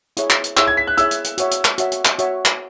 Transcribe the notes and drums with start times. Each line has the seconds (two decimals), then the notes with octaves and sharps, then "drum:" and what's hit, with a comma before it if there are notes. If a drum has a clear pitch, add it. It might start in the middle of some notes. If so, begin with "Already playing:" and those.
0.17 E4 G#4 C#5 E5, drum: hi-hat
0.30 drum: clap
0.44 drum: hi-hat
0.57 E4 G#4 C#5 E5 E6, drum: clap
0.67 G#6
0.77 B6
0.87 F#6
0.97 E4 G#4 C#5 E5 E6, drum: hi-hat
1.11 drum: hi-hat
1.24 drum: hi-hat
1.38 F#4 C#5 E5, drum: hi-hat
1.51 drum: hi-hat
1.65 drum: clap
1.78 F#4 C#5 E5, drum: hi-hat
1.92 drum: hi-hat
2.05 drum: clap
2.19 F#4 C#5 E5, drum: hi-hat
2.45 drum: clap